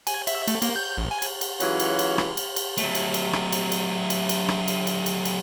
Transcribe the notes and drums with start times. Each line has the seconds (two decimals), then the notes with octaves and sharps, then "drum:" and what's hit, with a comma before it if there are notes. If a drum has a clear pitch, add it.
0.07 G#5, drum: cymbal
0.27 E5, drum: cymbal
0.47 A3, drum: cymbal
0.62 A#3, drum: cymbal
0.76 G6
0.98 A1
1.11 G#5
1.22 drum: cymbal
1.41 drum: cymbal
1.60 E3 F#3 G#3 C#4 F4 F#4, drum: cymbal
1.80 drum: cymbal
1.99 drum: cymbal
2.18 drum: rim click
2.37 drum: cymbal
2.56 drum: cymbal
2.78 F#3 A3, drum: cymbal
2.95 drum: cymbal
3.14 drum: cymbal
3.33 drum: rim click
3.52 drum: cymbal
3.72 drum: cymbal
4.10 drum: cymbal
4.29 drum: cymbal
4.48 drum: rim click
4.68 drum: cymbal
4.87 drum: cymbal
5.06 drum: cymbal
5.25 drum: cymbal